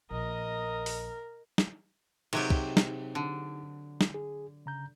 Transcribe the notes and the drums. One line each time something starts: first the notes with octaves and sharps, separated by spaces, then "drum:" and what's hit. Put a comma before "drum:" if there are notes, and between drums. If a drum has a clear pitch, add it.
A#1 A#4 D#5 D#6
drum: open hi-hat
drum: snare
C3 F#3 D#4 G4 G#4, drum: cymbal
drum: kick
drum: snare
D3
drum: snare
G#4
C#3 A#5 G6